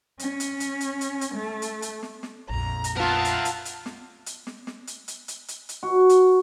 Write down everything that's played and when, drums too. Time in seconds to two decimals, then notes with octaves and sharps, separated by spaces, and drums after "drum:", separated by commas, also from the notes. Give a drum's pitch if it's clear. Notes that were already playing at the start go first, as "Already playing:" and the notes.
0.19 C#4, drum: hi-hat
0.40 drum: hi-hat
0.60 drum: hi-hat
0.80 drum: hi-hat
1.01 drum: hi-hat
1.21 drum: hi-hat
1.34 A3
1.62 drum: hi-hat
1.82 drum: hi-hat
2.03 drum: snare
2.23 drum: snare
2.49 A#1 F2 A#5
2.84 drum: hi-hat
2.97 B3 F4 A#4 E5 A5
3.25 drum: hi-hat
3.45 drum: hi-hat
3.65 drum: hi-hat
3.86 drum: snare
4.26 drum: hi-hat
4.47 drum: snare
4.67 drum: snare
4.87 drum: hi-hat
5.08 drum: hi-hat
5.28 drum: hi-hat
5.48 drum: hi-hat
5.69 drum: hi-hat
5.83 F#4
6.09 drum: hi-hat